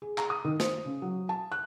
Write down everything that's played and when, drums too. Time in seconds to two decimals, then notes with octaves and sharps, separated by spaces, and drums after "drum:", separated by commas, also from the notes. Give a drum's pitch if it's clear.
0.02 G#4
0.18 A#5, drum: clap
0.30 D#6
0.45 D#3
0.60 C5, drum: snare
0.85 C#3
1.02 F#3
1.29 A5
1.52 F#6